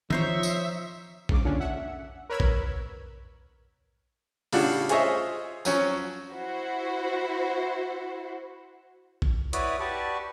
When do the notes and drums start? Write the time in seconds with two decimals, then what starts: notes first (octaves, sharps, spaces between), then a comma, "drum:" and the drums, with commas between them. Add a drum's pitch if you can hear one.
0.10 F3 D#4 C5 C#5 E5, drum: tom D#3
0.43 drum: tambourine
1.29 G#2 C#3 D6, drum: kick A#1
1.45 A#2 D3 C#4 D4
1.60 E5 F#5
2.30 A#4 B4 C#5 B5 E6 G#6
2.40 drum: kick A#1
4.53 A2 C#3 G3 D4 F4 F#4, drum: open hi-hat
4.89 F4 G#4 C5 C#5 D#5 E5, drum: hi-hat
5.65 F3 F#3 C#4, drum: tambourine
6.30 E4 F#4 C5
9.22 drum: kick A#1
9.53 E4 F#4 B4 C#5 D5 D#6, drum: hi-hat
9.80 F#4 G4 B4 D5 A5 C#6